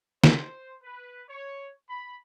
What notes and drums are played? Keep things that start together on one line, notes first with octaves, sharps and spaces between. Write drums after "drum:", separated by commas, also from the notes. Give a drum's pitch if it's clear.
C5, drum: snare
B4
C#5
B5